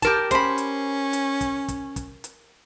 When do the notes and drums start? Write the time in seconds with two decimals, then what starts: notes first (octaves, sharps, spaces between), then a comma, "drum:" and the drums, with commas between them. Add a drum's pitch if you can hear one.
0.02 G4 A#4 A5, drum: kick, hi-hat
0.31 C#4 C5 B5, drum: kick, hi-hat
0.58 drum: hi-hat
1.13 drum: hi-hat
1.41 drum: kick, hi-hat
1.68 drum: kick, hi-hat
1.96 drum: kick, hi-hat
2.24 drum: hi-hat